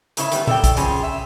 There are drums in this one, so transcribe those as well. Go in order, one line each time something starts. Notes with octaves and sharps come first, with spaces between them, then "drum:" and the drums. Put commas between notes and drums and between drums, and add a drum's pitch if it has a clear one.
G#2 C#3 E4 C#5, drum: hi-hat
D#3 G3 B3, drum: hi-hat
A4 C#5 D5 G5, drum: tom A#2
drum: kick, hi-hat
C#3 F3 C#4 G#4, drum: hi-hat
E5